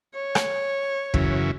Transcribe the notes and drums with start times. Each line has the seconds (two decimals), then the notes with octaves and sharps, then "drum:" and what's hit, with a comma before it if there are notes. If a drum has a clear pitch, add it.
0.15 C#5
0.35 drum: rim click
1.14 F#2 C#3 E3, drum: kick